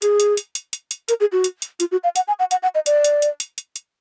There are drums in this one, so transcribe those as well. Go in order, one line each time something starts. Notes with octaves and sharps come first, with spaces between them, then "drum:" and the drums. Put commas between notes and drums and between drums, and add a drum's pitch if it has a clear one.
G#4, drum: hi-hat
drum: hi-hat
drum: hi-hat
drum: hi-hat
drum: hi-hat
drum: hi-hat
A#4, drum: hi-hat
G#4
F#4
drum: hi-hat
drum: hi-hat
F4, drum: hi-hat
F#4
F5
F#5, drum: hi-hat
G#5
F#5
F#5, drum: hi-hat
F#5
D#5
D5, drum: hi-hat
drum: hi-hat
drum: hi-hat
drum: hi-hat
drum: hi-hat
drum: hi-hat